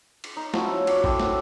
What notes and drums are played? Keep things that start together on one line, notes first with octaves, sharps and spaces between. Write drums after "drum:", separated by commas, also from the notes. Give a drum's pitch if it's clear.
drum: cymbal
D#4
F3 F#3 C#4 E4, drum: snare
F#4 D5 F5 F#5, drum: cymbal
C4 D4 E4 A4, drum: kick
F#5, drum: snare